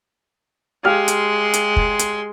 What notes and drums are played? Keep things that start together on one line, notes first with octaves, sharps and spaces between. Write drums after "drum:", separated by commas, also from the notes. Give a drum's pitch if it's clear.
G#3 G4 F5 C6 F6
drum: hi-hat
drum: hi-hat
drum: kick
drum: hi-hat